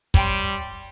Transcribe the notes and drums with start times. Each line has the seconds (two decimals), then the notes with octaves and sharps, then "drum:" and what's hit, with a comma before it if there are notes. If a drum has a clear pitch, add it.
0.14 G3 C#5 G5 C6, drum: kick